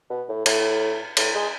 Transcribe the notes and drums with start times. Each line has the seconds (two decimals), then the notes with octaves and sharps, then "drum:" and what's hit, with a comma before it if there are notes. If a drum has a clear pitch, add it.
0.10 B2
0.29 A2
0.46 A2, drum: cymbal
1.17 A2, drum: cymbal
1.35 G#3